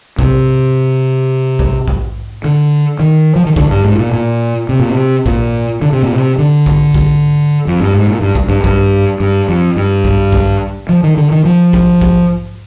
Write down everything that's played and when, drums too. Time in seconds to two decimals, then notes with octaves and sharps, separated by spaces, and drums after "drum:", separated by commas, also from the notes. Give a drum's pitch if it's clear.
0.19 C3, drum: kick A#1
1.59 drum: kick A#1
1.88 drum: kick A#1
2.44 D3
3.00 D#3
3.36 F3
3.46 D#3
3.56 D3, drum: kick A#1
3.70 G2
3.85 G#2
3.99 A#2
4.13 A#2
4.69 C3
4.80 A#2
4.90 C3
5.26 A#2, drum: kick A#1
5.82 D3
5.92 C3
6.03 A#2
6.12 C3
6.39 D3
6.66 drum: kick A#1
6.95 drum: kick A#1
7.67 F2
7.80 G2
7.94 G#2
8.07 A#2
8.21 G2
8.35 drum: kick A#1
8.49 G2
8.64 G2, drum: kick A#1
9.20 G2
9.49 F2
9.76 G2
10.04 drum: kick A#1
10.32 drum: kick A#1
10.89 F3
11.03 D#3
11.17 D3
11.31 D#3
11.45 F3
11.73 drum: kick A#1
12.01 drum: kick A#1